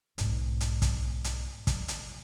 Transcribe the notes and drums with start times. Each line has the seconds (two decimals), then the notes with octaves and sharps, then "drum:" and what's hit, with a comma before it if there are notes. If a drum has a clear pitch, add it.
0.18 B1 G#2, drum: hi-hat
0.61 drum: hi-hat
0.82 drum: kick, hi-hat
1.24 drum: hi-hat
1.67 drum: kick, hi-hat
1.88 drum: hi-hat